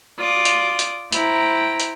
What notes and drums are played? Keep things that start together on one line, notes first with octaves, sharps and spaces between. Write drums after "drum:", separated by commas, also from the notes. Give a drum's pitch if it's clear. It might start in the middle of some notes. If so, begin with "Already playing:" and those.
F4 D5 D#6
drum: hi-hat
drum: hi-hat
E4 C5 G5 A#5, drum: hi-hat
drum: hi-hat